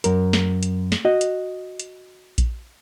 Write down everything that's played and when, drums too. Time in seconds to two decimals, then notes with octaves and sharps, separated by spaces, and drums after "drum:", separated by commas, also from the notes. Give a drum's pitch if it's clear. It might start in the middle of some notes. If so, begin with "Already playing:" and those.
0.04 F#2 A#4, drum: hi-hat
0.33 drum: snare
0.63 drum: hi-hat
0.92 drum: snare
1.05 F#4 D#5
1.21 drum: hi-hat
1.79 drum: hi-hat
2.38 drum: kick A#1, hi-hat